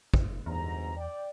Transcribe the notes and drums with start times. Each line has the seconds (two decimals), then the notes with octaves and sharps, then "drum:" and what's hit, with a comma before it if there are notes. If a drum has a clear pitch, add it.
0.14 F#1, drum: kick
0.46 G1 E2 G#2 A#5
0.97 D5 G5